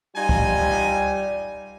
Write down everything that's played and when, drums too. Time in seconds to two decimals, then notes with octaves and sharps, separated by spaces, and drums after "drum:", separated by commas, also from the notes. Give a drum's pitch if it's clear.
0.17 G3 D#4 F4 G#5
0.29 drum: kick